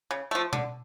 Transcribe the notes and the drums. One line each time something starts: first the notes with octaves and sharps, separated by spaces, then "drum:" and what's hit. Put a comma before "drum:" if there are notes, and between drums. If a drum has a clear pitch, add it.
C#3
F3 A3
D3, drum: tom B2